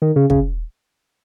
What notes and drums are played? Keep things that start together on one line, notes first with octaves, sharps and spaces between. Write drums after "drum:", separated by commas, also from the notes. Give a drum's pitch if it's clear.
D#3
C#3
C#3, drum: kick